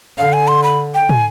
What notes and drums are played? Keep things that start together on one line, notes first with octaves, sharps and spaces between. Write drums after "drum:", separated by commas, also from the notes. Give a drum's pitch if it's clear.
D3 F5
G#5
C6
B5
G5
G#5, drum: tom